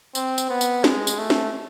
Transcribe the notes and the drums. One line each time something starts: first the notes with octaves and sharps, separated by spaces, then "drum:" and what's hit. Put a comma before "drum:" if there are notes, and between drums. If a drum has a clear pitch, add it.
C4, drum: tambourine
drum: tambourine
B3
drum: tambourine
G#3, drum: snare
drum: tambourine
A3
drum: snare